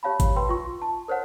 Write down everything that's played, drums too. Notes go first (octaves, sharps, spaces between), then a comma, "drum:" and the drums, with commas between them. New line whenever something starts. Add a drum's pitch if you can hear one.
G4 C#5 F5 A5 B5
drum: kick G#1, hi-hat
B4 G5 C6
F4 C#6
A5
A#4 C5 C#5 F#5